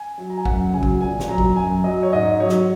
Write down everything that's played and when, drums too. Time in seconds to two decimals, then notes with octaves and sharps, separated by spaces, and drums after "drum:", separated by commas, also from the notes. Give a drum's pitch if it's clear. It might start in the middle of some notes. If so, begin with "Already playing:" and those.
Already playing: G#5
0.18 F#3
0.30 A#5
0.38 G#5
0.45 F#2 F#5, drum: kick
0.73 C#3 F#3 G#5
0.83 drum: kick
1.01 A#2 G#5
1.20 drum: snare
1.29 F#3 A#5
1.38 drum: kick
1.56 F#2 G#5
1.84 F#3 D#5
2.03 C#5
2.13 G#2 D#5
2.40 F#3 C#5
2.49 drum: snare